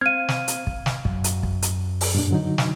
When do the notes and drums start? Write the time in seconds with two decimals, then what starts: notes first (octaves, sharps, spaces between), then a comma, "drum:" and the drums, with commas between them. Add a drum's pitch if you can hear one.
0.01 C4 F5 F6 G#6 D#7
0.29 drum: snare
0.48 drum: hi-hat
0.67 drum: kick
0.86 drum: snare
1.05 F#2, drum: kick
1.24 drum: hi-hat
1.43 drum: kick
1.62 drum: hi-hat
2.01 drum: open hi-hat
2.14 G2 A#2 D4
2.31 D3 F#3 D#4
2.58 drum: snare